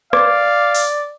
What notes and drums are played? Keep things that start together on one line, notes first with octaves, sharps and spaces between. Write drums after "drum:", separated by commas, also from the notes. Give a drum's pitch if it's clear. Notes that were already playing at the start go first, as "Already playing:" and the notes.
D5 F5 D6, drum: rim click
drum: open hi-hat